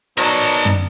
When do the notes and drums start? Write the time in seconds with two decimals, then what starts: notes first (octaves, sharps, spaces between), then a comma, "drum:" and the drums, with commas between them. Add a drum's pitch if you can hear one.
0.18 F#3 B3 D#4 A#4 D5 A5
0.65 drum: tom F#2